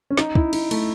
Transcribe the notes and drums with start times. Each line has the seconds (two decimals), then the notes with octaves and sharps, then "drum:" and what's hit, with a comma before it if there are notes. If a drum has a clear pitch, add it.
0.10 C#4
0.17 D#4, drum: snare
0.35 E4, drum: kick
0.53 D#4, drum: cymbal
0.71 A3, drum: cymbal